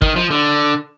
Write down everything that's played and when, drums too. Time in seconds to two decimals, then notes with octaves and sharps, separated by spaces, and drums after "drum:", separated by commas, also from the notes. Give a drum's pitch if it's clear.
0.02 D#3, drum: kick
0.16 F3
0.31 D3